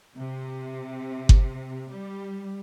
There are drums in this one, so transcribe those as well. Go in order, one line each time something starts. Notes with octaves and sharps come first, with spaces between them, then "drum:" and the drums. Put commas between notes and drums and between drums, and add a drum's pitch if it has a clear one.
C3
drum: kick G1
G3